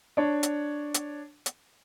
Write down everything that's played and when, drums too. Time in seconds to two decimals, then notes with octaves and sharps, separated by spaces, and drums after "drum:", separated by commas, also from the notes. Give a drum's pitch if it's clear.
0.17 D4 C#5
0.43 drum: hi-hat
0.94 drum: hi-hat
1.46 drum: hi-hat